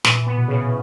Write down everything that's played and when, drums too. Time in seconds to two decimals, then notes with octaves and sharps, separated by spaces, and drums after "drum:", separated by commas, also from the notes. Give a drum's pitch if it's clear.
0.04 A#2 E3, drum: snare
0.27 B3
0.38 B2
0.48 C#3